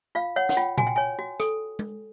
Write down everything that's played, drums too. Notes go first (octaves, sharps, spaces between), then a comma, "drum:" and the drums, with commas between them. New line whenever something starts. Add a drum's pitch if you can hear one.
F4 F5
C#5 F#5
F#5, drum: snare
F4 G5
F#4 G#5, drum: tom A#2
G5
C#5 G#5
F#4
A4, drum: rim click
drum: tom